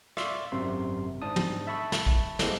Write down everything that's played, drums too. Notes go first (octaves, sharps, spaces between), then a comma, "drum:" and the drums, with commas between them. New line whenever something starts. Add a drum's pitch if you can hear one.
D5 E5 F5 C6 C#6, drum: rim click
G#1 F#2 C3 C6
G#2 D4 A5 D#6
drum: tom
E5 A5 B5 C#6 E6
drum: snare
drum: kick A#1
G#3 A#3 C4 E4 G4 A4, drum: snare